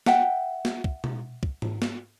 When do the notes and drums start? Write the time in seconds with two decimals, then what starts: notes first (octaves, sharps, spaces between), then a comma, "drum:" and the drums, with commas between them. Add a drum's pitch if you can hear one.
0.06 E5 F#5 G5, drum: snare
0.65 drum: snare
0.84 drum: kick
1.04 drum: tom B2
1.43 drum: kick
1.62 drum: tom G#2
1.82 drum: snare